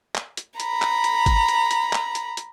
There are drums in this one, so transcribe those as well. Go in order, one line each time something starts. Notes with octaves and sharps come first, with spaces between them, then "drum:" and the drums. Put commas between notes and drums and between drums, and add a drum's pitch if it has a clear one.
drum: clap
drum: hi-hat
A#5 B5, drum: hi-hat
drum: clap
drum: hi-hat
drum: kick G#1, hi-hat
drum: hi-hat
drum: hi-hat
drum: clap
drum: hi-hat
drum: hi-hat